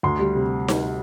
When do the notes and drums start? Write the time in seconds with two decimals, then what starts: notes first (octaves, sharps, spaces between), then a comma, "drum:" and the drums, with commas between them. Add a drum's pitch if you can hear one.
0.03 D2 C6
0.19 G3
0.35 C3
0.68 drum: snare D#4